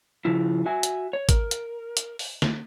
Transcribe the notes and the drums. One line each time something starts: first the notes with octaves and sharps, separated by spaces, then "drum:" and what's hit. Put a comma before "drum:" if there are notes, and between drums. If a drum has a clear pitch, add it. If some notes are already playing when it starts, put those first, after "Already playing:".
C#3 F3 E4
F#4 E5 G#5
drum: hi-hat
C#5
A#4, drum: kick, hi-hat
drum: hi-hat
drum: hi-hat
drum: open hi-hat
drum: snare